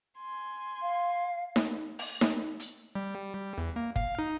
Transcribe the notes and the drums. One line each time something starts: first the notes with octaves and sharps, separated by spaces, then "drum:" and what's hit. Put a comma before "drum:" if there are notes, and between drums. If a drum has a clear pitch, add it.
G#5 C6
F5
drum: snare D#4
drum: open hi-hat
drum: snare D#4
drum: hi-hat
G3
E2
A#3
F5, drum: kick
D#4